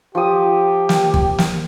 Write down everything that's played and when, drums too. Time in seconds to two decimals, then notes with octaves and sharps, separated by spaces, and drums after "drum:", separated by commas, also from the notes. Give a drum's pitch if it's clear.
0.15 F3 G4 D#6
0.89 drum: snare
1.14 drum: kick
1.38 drum: snare